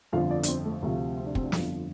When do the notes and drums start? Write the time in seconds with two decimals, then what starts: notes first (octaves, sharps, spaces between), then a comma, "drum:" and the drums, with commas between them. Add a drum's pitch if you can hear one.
0.12 G1 F2 D3 F3 F5
0.31 D5
0.43 D4, drum: hi-hat
0.48 C4
0.65 A3
0.82 D2 C3 F3 A3
1.17 C4
1.26 D4
1.35 C4, drum: kick
1.43 D4
1.52 G1 F2 D3 F3, drum: snare